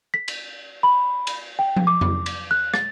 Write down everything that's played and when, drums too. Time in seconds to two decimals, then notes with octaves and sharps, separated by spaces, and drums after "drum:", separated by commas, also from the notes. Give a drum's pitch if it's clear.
0.14 B6
0.28 drum: cymbal
0.83 B5
1.27 drum: cymbal
1.59 G5
1.76 drum: tom F3
1.87 D6
2.01 drum: tom F2
2.26 drum: cymbal
2.51 F#6
2.74 A6, drum: rim click